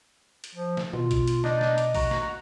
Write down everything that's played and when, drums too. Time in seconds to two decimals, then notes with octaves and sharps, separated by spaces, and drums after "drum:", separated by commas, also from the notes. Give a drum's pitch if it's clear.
0.44 drum: hi-hat
0.55 F3
0.77 drum: snare
0.93 B2 F4, drum: tom D#3
1.11 drum: kick A#1, hi-hat
1.28 drum: hi-hat
1.44 D4 D#4 D5 D#5, drum: snare
1.61 drum: snare
1.78 drum: hi-hat
1.95 F#4 A#5, drum: kick A#1, open hi-hat
2.11 drum: snare